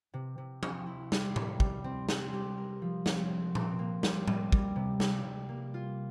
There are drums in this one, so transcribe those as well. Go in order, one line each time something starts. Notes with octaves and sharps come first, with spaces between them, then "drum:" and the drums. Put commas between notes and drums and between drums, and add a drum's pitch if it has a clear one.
C3
C3
C4, drum: tom F3
E4
G3, drum: snare
G3, drum: tom A2
G3, drum: kick
C4
C4, drum: snare
G4
A#4
F3
C4, drum: snare
C4
C4, drum: tom A#2
A#3
G3, drum: snare
G3, drum: tom A2
G3, drum: kick
C3
G3, drum: snare
C3
A#3
F4